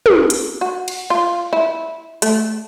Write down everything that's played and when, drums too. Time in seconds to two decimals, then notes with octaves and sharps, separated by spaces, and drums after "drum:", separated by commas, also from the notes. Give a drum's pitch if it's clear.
0.06 drum: tom
0.30 drum: hi-hat
0.61 F#4
0.88 drum: cymbal
1.10 F4
1.53 E4
2.22 A3, drum: hi-hat